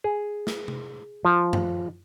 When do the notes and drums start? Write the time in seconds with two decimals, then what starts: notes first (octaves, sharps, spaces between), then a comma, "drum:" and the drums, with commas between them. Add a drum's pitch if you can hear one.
0.04 G#4
0.47 drum: snare
0.68 drum: tom C3
1.25 F3
1.53 drum: tom F#2